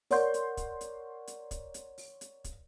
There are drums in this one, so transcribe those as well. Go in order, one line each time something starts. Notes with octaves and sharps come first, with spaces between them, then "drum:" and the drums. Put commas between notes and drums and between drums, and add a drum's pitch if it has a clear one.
A#4 C#5 D5 F#5 C6 G6, drum: open hi-hat
drum: hi-hat
drum: kick, hi-hat
drum: hi-hat
drum: hi-hat
drum: kick, hi-hat
drum: hi-hat
drum: open hi-hat
drum: hi-hat
drum: kick, hi-hat